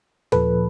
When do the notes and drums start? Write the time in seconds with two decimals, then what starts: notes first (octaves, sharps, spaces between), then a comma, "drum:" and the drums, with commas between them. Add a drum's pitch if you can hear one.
0.32 A#2 F3 A4 B4, drum: tom